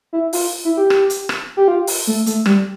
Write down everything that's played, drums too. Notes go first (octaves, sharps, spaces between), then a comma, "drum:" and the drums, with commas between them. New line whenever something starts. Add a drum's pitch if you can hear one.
E4
F4, drum: open hi-hat
E4
G4
drum: rim click
drum: hi-hat
drum: rim click
G4
F4
drum: open hi-hat
A3
A3, drum: hi-hat
G3, drum: rim click